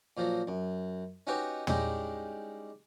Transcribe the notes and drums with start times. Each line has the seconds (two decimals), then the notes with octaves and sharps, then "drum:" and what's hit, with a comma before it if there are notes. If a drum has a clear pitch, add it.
0.17 A#2 F3 F#3
0.47 F#2
1.27 C#4 D#4 F#4 G4 B4 C#5
1.67 G3 G#3 C#4 D#4 E4 G4, drum: tom